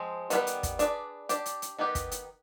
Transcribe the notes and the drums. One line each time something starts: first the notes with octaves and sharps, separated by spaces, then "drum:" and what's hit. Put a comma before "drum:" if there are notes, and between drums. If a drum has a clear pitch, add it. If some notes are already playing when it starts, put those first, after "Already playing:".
Already playing: F3 G#3 C4
D#3 G3 B3 F4 B4, drum: hi-hat
drum: hi-hat
drum: kick, hi-hat
D4 G#4 B4 D5, drum: hi-hat
D4 G4 D5, drum: hi-hat
drum: hi-hat
drum: hi-hat
D#3 B3 D#4 G4 B4
drum: kick, hi-hat
drum: hi-hat